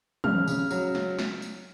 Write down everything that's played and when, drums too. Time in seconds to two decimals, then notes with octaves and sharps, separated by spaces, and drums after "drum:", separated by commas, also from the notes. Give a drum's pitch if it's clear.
0.24 C#3 F6, drum: tom
0.48 C#3, drum: tambourine
0.71 F#3, drum: tambourine
0.95 drum: snare
1.19 drum: snare
1.42 drum: tambourine